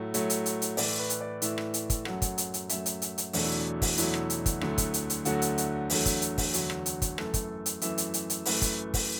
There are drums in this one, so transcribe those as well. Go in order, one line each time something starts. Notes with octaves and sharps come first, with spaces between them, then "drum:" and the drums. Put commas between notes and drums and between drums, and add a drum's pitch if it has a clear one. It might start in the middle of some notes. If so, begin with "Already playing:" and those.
Already playing: A2 F#3 A3
A2 F#3 A3, drum: hi-hat
drum: hi-hat
drum: hi-hat
drum: hi-hat
A2 E3 A3 D5, drum: open hi-hat
B4
drum: hi-hat
D5
A2 E3 A3 E5, drum: hi-hat
drum: rim click
drum: hi-hat
drum: kick, hi-hat
F#2 F#3 A3 F#5, drum: rim click
drum: kick, hi-hat
drum: hi-hat
drum: hi-hat
F#2 F#3 A3 E5, drum: hi-hat
drum: hi-hat
drum: hi-hat
drum: hi-hat
E2 B2 F#3 A3 D4, drum: open hi-hat
E4
D4
drum: kick, open hi-hat
E2 B2 F#3 A3 E4, drum: hi-hat
drum: rim click
drum: hi-hat
drum: kick, hi-hat
D2 D3 F#3 A3, drum: rim click
drum: kick, hi-hat
drum: hi-hat
drum: hi-hat
D2 D3 F#3 A3 F#4, drum: hi-hat
drum: hi-hat
drum: hi-hat
E2 D3 F#3 A3, drum: open hi-hat
drum: kick, hi-hat
drum: hi-hat
drum: kick, open hi-hat
E2 D3 F#3 A3 F#4, drum: hi-hat
drum: rim click
drum: hi-hat
drum: kick, hi-hat
F#2 E3 A3 A4, drum: rim click
drum: kick, hi-hat
drum: hi-hat
F#2 E3 A3 E5, drum: hi-hat
drum: hi-hat
drum: hi-hat
drum: hi-hat
F#2 E3 A3 B4, drum: open hi-hat
drum: kick, hi-hat
drum: kick, open hi-hat